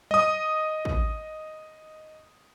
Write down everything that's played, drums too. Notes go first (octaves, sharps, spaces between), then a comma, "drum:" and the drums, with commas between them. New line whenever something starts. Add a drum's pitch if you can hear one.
D#5 D#6, drum: tom F#3
drum: kick